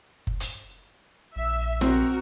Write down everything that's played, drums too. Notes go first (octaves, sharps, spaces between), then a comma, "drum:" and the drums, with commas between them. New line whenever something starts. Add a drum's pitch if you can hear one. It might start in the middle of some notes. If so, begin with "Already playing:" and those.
drum: kick F#1
drum: hi-hat
A#1 E5
C4 F#4 A#4, drum: snare